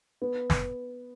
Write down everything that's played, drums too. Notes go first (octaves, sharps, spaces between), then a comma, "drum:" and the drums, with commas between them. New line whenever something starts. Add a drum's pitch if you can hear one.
B3
drum: snare